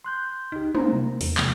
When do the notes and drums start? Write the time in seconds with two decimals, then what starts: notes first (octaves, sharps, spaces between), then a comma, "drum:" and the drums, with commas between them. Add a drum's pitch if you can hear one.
0.04 C6 F#6 G6
0.52 C#2 D#4 G4
0.75 A#3 C5 A#5, drum: tom
0.92 C3
1.21 E2, drum: open hi-hat
1.38 C3 F3 G#3 A#3, drum: clap